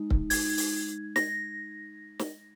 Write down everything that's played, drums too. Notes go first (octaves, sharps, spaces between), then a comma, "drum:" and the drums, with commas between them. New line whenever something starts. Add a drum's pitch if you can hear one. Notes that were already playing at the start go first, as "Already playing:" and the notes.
Already playing: G#3 D#4
drum: kick C#1
G#6, drum: open hi-hat
drum: open hi-hat
A#6, drum: snare
drum: snare